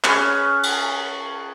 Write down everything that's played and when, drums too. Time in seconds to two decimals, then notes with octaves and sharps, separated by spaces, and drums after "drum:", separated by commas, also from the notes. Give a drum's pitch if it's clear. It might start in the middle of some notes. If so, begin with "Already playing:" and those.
0.04 C#4 G#4 B4, drum: clap
0.63 drum: cymbal